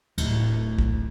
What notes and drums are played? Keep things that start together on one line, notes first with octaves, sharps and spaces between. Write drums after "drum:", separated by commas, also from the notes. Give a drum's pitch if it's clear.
D1 A2, drum: cymbal
drum: kick